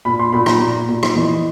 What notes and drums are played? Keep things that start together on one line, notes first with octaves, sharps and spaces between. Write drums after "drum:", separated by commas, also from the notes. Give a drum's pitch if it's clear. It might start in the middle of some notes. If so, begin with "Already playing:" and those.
A#2 B5
C6
A#2 B5
A#5, drum: rim click
A#2
A#2
drum: rim click
E3 D#5